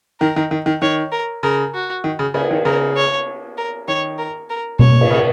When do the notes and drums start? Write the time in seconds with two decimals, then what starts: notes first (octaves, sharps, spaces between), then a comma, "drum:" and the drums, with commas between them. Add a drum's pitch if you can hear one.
0.20 D#3 A#4
0.36 D#3
0.51 D#3
0.66 D#3
0.82 D#3 C#5
1.12 A#4
1.43 C#3 A#4
1.74 F#4
2.04 D#3
2.19 C#3
2.34 C#3 G#4, drum: cymbal
2.51 D#3
2.65 C#3 A#4
2.97 C#5
3.57 A#4
3.88 D#3 C#5
4.18 A#4
4.50 A#4
4.79 C#5, drum: tom B2
5.01 drum: cymbal
5.11 C#3